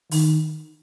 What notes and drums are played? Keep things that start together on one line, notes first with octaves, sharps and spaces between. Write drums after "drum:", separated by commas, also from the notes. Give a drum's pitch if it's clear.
D#3, drum: open hi-hat